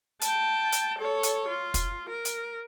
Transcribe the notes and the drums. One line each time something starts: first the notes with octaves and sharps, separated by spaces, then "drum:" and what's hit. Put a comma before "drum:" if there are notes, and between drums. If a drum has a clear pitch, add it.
G5 A5, drum: hi-hat
drum: hi-hat
A4 C#5
drum: hi-hat
F4
drum: kick, hi-hat
A#4
drum: hi-hat